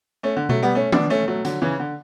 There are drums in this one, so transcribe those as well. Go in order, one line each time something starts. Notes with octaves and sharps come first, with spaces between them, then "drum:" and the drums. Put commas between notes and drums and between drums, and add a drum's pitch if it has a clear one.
A3 C#4
D3
F#3 A3, drum: tom B2
G3 B3
A3 C#4
B3 D4, drum: tom D#3
A3 C#4
F#3 A3
D3 F#3, drum: hi-hat
C#3 E3
D3